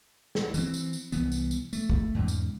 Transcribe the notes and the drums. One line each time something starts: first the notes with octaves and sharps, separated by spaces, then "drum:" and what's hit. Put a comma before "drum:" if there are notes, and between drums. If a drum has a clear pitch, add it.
drum: snare
E3 C4, drum: tambourine
drum: tambourine
drum: tambourine
C2 E3 B3, drum: tambourine
drum: tambourine
drum: tambourine
A3, drum: tambourine
drum: kick
E2 G#2 C#3
drum: tambourine